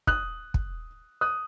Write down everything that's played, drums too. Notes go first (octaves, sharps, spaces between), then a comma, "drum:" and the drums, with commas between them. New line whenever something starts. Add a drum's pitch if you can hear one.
D#6 F#6, drum: kick
drum: kick
D#6 F#6